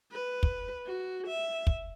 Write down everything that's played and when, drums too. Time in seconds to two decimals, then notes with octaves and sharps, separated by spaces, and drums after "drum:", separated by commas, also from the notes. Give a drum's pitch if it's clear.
0.12 B4
0.43 drum: kick
0.86 F#4
1.27 E5
1.67 drum: kick